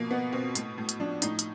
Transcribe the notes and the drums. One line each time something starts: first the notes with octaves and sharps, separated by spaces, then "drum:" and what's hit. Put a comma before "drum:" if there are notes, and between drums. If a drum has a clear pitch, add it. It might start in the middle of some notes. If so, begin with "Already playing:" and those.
Already playing: B2 F3 A#3
B2 B3
B2 C4
A2, drum: hi-hat
A2
drum: hi-hat
F3 D4
A2 D#4, drum: hi-hat
drum: hi-hat